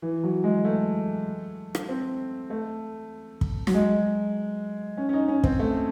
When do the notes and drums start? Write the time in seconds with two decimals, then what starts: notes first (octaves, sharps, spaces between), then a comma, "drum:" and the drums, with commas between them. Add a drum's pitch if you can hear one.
0.02 E3
0.24 F#3
0.44 G#3
0.64 A3
1.75 drum: rim click
1.89 C4
2.50 A3
3.41 drum: kick
3.67 F#3, drum: snare
3.74 G#3
4.97 C#4
5.09 C#4
5.13 D#4
5.28 C#4
5.44 C4, drum: kick
5.59 A3